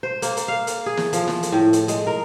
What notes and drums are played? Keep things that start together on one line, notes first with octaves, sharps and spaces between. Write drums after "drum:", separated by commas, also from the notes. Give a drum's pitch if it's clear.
C5
A#3, drum: hi-hat
drum: hi-hat
F5
drum: hi-hat
G#4
drum: snare
F3, drum: hi-hat
drum: snare
drum: hi-hat
A2
drum: hi-hat
G#3, drum: hi-hat
A#4